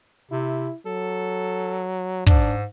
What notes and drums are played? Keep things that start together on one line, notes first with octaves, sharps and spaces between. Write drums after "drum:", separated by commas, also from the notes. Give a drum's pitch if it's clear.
C3 E4
F#3 A4
G#2 D4, drum: kick